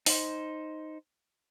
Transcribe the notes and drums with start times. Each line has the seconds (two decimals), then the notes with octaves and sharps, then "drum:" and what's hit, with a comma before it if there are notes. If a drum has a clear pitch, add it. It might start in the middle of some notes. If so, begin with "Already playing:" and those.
0.06 D#4 C5, drum: open hi-hat